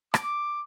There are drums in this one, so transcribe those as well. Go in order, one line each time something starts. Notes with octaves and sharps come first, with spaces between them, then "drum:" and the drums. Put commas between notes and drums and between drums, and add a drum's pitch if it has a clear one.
D6, drum: rim click